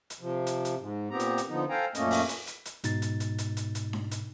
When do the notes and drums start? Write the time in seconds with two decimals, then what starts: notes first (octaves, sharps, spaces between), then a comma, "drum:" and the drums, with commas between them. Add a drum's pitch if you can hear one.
0.10 drum: hi-hat
0.20 C3 F3
0.47 drum: hi-hat
0.65 drum: hi-hat
0.78 G#2
1.10 A#2 B3 C4 G4 A#5
1.20 drum: hi-hat
1.38 drum: hi-hat
1.48 D3 F3 B3 D#4
1.70 A4 C5 F5 G5 G#5 A#5
1.95 F#2 A#2 A3 A#3 C#4 D#5, drum: hi-hat
2.11 drum: open hi-hat
2.29 drum: hi-hat
2.47 drum: hi-hat
2.65 drum: hi-hat
2.84 G#2 B2 D#4 A6, drum: hi-hat
3.02 drum: hi-hat
3.20 drum: hi-hat
3.38 drum: hi-hat
3.57 drum: hi-hat
3.75 drum: hi-hat
3.93 drum: snare D4
4.11 drum: hi-hat